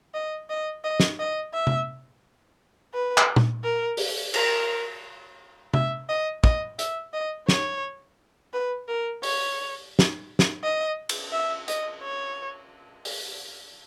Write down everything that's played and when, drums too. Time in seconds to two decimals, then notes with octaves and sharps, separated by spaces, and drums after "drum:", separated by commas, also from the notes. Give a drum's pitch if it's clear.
0.14 D#5
0.50 D#5
0.84 D#5
1.00 drum: snare
1.20 D#5
1.54 E5
1.67 drum: tom C3
2.94 B4
3.17 drum: clap
3.36 drum: tom
3.64 A#4
3.97 drum: open hi-hat
4.34 A#4, drum: cymbal
5.74 E5, drum: tom C3
6.09 D#5
6.44 D#5, drum: kick
6.79 E5, drum: hi-hat
7.13 D#5
7.49 C#5, drum: snare
8.53 B4
8.88 A#4
9.23 C#5, drum: open hi-hat
9.99 drum: snare
10.39 drum: snare
10.63 D#5
11.09 drum: cymbal
11.33 E5
11.68 D#5, drum: hi-hat
12.03 C#5
13.05 drum: open hi-hat